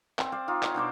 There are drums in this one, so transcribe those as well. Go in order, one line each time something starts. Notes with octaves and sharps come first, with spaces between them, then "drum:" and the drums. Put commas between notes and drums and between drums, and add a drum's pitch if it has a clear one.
C4, drum: clap
C5 D5 F5
D#4 F4
C#5, drum: clap
B2 D4 C5 D6